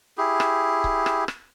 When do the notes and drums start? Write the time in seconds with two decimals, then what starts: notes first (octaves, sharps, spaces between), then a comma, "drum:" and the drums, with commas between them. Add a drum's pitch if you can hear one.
0.18 E4 G4 G#4
0.40 drum: rim click
0.84 drum: kick C#1
1.06 drum: rim click
1.28 drum: rim click